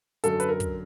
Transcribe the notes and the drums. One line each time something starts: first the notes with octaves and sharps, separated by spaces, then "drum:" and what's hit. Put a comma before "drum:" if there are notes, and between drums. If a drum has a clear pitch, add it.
F#2 D3 F#3 A4, drum: hi-hat
B4, drum: hi-hat
A#4
drum: kick, hi-hat